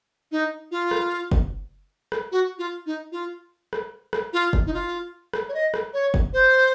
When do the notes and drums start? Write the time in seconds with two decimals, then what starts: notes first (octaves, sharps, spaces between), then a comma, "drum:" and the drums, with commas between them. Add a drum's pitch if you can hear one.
0.32 D#4
0.71 F4
0.91 drum: rim click
1.32 drum: kick F#1
2.12 drum: rim click
2.32 F#4
2.58 F4
2.86 D#4
3.12 F4
3.73 drum: rim click
4.13 drum: rim click
4.33 F4
4.53 drum: kick F#1
4.66 D#4
4.74 F4
5.33 drum: rim click
5.49 C#5
5.54 D#5
5.74 drum: rim click
5.94 C#5
6.14 drum: kick F#1
6.33 C5